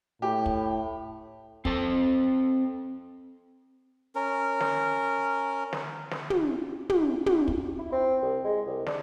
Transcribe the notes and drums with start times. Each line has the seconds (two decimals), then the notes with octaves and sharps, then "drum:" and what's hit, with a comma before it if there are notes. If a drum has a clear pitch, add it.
0.22 A2 G4
0.46 drum: kick
1.65 C4 A4 C5 A5, drum: kick
4.15 C#4 A#4
4.61 drum: snare
5.73 drum: snare
6.11 drum: snare
6.30 drum: tom
6.90 drum: tom
7.26 drum: tom
7.48 drum: kick
7.79 E4
7.92 C4
8.22 C2
8.45 G#3
8.66 C2
8.86 D4, drum: snare